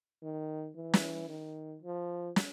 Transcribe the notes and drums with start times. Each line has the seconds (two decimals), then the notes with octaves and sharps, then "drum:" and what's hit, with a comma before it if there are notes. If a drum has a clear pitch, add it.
0.22 D#3
0.76 E3
0.93 drum: snare
1.29 D#3
1.82 F3
2.36 drum: snare